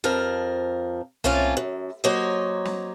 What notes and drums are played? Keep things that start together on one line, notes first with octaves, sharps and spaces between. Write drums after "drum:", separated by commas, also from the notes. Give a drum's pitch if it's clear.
F2 F3 A#4
A3 A#3 C4 C#4 F4 A4, drum: tom C2
F#2
F#3 A#3 C5 C#5 D#5
drum: snare